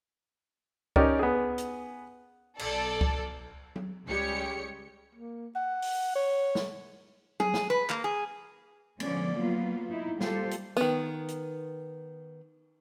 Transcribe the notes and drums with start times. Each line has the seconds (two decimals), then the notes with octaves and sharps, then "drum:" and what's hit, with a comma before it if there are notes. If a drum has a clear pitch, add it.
0.96 C#4 D#4 G4 A#4 D5, drum: kick C#2
1.19 B3 G#4
1.58 drum: hi-hat
2.59 B1 A4 D5, drum: cymbal
3.01 drum: kick C#2
3.76 drum: tom F#3
4.06 C#2 G3 G#3 G4 C#5 C#7
5.15 A#3
5.55 F#5
5.82 drum: open hi-hat
6.15 C#5
6.55 drum: snare
7.40 G#4, drum: tom F#3
7.54 drum: snare
7.70 B4
7.90 A#3, drum: clap
8.04 G#4
9.00 D3 F3 G#3 B3 C#4 D5, drum: cymbal
9.36 F#3 A#3 B3 F4
9.90 D#4 E4
10.21 G3 A#3 F4 G4 A4 C5, drum: snare
10.51 drum: hi-hat
10.77 D#3 B3, drum: tambourine
11.28 drum: hi-hat